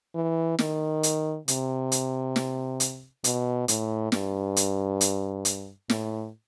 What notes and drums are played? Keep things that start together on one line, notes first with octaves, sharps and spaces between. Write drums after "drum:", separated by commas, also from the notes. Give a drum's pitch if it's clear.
E3
D#3, drum: snare
drum: hi-hat
C3, drum: hi-hat
drum: hi-hat
drum: snare
drum: hi-hat
B2, drum: hi-hat
A2, drum: hi-hat
G2, drum: snare
drum: hi-hat
drum: hi-hat
drum: hi-hat
A2, drum: snare